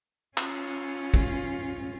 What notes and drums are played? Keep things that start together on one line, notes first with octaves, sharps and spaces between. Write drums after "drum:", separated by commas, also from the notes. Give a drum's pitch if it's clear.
C#4 F4, drum: clap
drum: kick